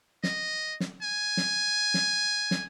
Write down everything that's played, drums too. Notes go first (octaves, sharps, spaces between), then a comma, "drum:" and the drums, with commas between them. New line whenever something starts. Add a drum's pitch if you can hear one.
D#5, drum: snare
drum: snare
G#5
drum: snare
drum: snare
drum: snare